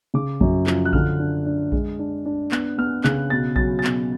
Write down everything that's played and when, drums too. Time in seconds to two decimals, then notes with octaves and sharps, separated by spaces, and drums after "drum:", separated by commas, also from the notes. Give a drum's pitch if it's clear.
0.14 C#3 D6
0.41 F#2, drum: kick A#1
0.67 F3, drum: clap
0.85 F#6
0.93 D3 F6, drum: kick A#1
1.19 D4
1.46 D4
1.72 G#3, drum: kick A#1
1.99 D4
2.26 D4
2.51 B3 F#6, drum: clap
2.78 B3 F6
3.04 C#3 F#6, drum: clap
3.30 B2 A6
3.56 F#3 A6, drum: kick A#1
3.79 A6
3.84 B2, drum: clap